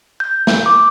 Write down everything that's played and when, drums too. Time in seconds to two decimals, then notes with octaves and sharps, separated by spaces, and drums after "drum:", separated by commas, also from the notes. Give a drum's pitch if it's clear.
0.20 G6
0.47 drum: snare
0.66 D6